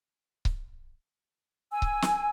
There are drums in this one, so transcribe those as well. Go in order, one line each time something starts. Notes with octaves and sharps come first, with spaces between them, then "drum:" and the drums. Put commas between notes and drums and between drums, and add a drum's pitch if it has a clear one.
drum: kick C#1
G#5 E6
drum: kick C#1
drum: snare